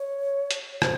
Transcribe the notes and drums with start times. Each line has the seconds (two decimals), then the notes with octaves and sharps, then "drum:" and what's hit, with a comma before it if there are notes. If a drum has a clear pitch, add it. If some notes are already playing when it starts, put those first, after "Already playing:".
Already playing: C#5
0.51 drum: hi-hat
0.82 C5, drum: rim click